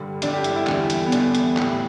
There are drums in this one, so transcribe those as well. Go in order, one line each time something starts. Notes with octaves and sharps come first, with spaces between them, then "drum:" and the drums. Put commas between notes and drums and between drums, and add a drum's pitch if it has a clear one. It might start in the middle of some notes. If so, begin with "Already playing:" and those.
Already playing: G2 D3 G3
G2 D3 G3 D4, drum: hi-hat
G4
E4, drum: hi-hat
E4
E2 D3 G3, drum: clap
drum: hi-hat
B3
E2 D3 G3 D4, drum: hi-hat
drum: hi-hat
A2 G3, drum: clap